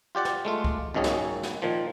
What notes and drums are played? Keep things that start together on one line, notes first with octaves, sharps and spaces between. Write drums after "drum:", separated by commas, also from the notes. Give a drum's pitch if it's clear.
F4 G4 D5 F#5
drum: snare
G#3 A3 F4
drum: kick C2
G#1 F#2 D#3 C#4 G#4
drum: snare
drum: snare
A#2 D#3 F3